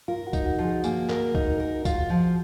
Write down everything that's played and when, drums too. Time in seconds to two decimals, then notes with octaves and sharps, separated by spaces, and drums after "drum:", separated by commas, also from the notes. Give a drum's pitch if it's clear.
0.08 F4 A#4 F5
0.27 F#4 F#5
0.33 D#4, drum: kick C2, tambourine
0.45 F#4 F#5
0.59 F3
0.64 G#4 G#5
0.84 A#3 G#4 G#5, drum: tambourine
1.09 A#4, drum: clap
1.35 D#4, drum: kick C2
1.60 A#4
1.85 F4, drum: kick C2, tambourine
2.10 F3